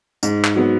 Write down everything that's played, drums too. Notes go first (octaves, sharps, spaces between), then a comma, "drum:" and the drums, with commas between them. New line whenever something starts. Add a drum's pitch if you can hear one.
G#2, drum: tambourine
drum: clap
F#3 B3